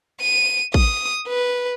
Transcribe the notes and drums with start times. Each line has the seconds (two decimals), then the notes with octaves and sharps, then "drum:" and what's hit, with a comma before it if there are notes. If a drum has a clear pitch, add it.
0.21 D#7
0.74 D#6, drum: kick
1.28 B4